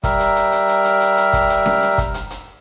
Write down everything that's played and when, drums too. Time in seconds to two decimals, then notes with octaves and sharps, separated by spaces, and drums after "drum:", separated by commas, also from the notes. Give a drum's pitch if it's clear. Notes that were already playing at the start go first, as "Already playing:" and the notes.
0.04 G3 A#4 E5, drum: kick, hi-hat
0.20 drum: hi-hat
0.36 drum: hi-hat
0.52 drum: hi-hat
0.68 drum: hi-hat
0.85 drum: hi-hat
1.01 drum: hi-hat
1.17 drum: hi-hat
1.33 drum: kick, hi-hat
1.49 drum: hi-hat
1.66 drum: snare C#4
1.82 drum: hi-hat
1.98 drum: kick, hi-hat
2.14 drum: hi-hat
2.30 drum: hi-hat